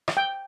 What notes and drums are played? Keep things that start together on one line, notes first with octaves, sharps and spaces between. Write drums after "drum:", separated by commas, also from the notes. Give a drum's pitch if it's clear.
drum: rim click
G5